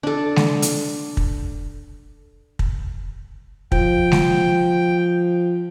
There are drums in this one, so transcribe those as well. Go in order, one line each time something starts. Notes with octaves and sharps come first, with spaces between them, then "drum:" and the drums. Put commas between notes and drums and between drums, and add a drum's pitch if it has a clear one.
D4 A4
drum: snare G#3
drum: hi-hat
drum: kick
drum: kick
F3 G5, drum: kick
drum: snare G#3